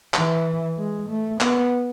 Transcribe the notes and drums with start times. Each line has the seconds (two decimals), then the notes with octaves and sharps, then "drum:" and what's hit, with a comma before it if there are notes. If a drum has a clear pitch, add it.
0.14 E3, drum: clap
0.77 G#3
1.09 A3
1.41 B3, drum: clap